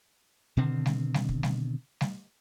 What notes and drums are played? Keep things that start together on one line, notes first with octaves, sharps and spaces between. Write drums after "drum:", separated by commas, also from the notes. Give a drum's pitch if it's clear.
B2 D3 D#3 C4
drum: snare G3
drum: snare G3
drum: kick
drum: snare G3
drum: snare G3